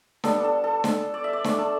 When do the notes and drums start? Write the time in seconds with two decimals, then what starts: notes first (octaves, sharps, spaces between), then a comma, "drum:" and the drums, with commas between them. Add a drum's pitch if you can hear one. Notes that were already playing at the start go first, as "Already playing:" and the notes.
0.24 G3 B3 D4 A4, drum: snare
0.44 A4
0.64 A4
0.84 drum: snare
1.14 D5
1.24 E5
1.33 D5
1.44 A3 D4, drum: snare
1.58 A4